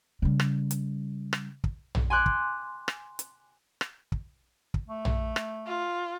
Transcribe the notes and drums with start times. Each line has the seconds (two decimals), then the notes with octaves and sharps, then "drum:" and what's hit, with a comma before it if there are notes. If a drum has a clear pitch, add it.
0.22 C#3 G3
0.40 drum: rim click
0.71 drum: hi-hat
1.33 drum: rim click
1.64 drum: kick
1.95 drum: tom A#1
2.10 G#5 C6 D6 F#6 G6
2.26 drum: kick
2.88 drum: rim click
3.19 drum: hi-hat
3.81 drum: rim click
4.12 drum: kick
4.74 drum: kick
4.88 A3
5.05 drum: tom A#1
5.36 drum: rim click
5.67 F4